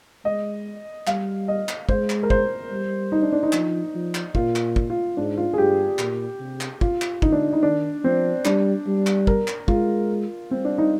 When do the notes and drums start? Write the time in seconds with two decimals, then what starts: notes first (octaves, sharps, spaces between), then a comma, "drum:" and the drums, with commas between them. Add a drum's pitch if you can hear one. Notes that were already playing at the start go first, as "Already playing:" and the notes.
0.25 G#3 D#5
1.07 G3 F5, drum: clap
1.48 D#5
1.69 drum: clap
1.89 G#3 C5, drum: kick
2.10 drum: clap
2.23 A#4
2.30 C5, drum: kick
2.71 G3
3.12 D#4
3.22 D4
3.32 D4
3.43 D#4
3.53 F3, drum: clap
3.95 F3
4.15 drum: clap
4.35 A#2 F4, drum: kick
4.56 drum: clap
4.76 drum: kick
4.90 F4
5.17 G#2 D4
5.37 F4
5.53 G#4
5.58 G2 G4
5.99 A#2, drum: clap
6.40 C3
6.61 drum: clap
6.81 F4, drum: kick
7.02 drum: clap
7.22 D3 D#4, drum: kick
7.32 D4
7.53 D#4
7.63 D#3 D4
8.04 F3 C4
8.45 G3 D4, drum: clap
8.87 G3
9.07 drum: clap
9.27 A#4, drum: kick
9.48 drum: clap
9.68 G#3 F4, drum: kick
10.51 G3 C4
10.65 D4
10.78 D#4